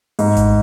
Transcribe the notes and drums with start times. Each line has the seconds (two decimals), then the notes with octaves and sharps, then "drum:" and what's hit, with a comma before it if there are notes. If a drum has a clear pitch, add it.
0.19 G#2, drum: open hi-hat
0.37 drum: kick G#1, hi-hat